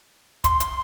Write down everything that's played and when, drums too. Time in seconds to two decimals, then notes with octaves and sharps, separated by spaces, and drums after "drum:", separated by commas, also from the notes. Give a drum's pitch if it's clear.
0.44 C6, drum: kick, hi-hat
0.60 drum: hi-hat